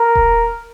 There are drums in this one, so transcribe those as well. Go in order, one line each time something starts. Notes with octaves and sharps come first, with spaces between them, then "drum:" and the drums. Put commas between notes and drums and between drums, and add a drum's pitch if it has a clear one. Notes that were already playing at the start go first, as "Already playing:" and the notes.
Already playing: A#4
drum: kick D#1